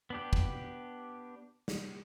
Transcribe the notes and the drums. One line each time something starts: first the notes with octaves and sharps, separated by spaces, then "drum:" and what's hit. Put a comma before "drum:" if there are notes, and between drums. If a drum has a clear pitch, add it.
B3 D4 G4
drum: kick
drum: snare